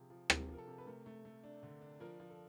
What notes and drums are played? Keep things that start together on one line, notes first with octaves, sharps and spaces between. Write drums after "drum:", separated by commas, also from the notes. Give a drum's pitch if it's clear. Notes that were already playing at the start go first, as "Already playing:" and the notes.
Already playing: C3 F3 G#4
F3
C3 G#4, drum: rim click
F3
A#4
A4
C3
B4
A3 A#4
A3
A3
D4
D3
D4
F3 A#4
F3
A4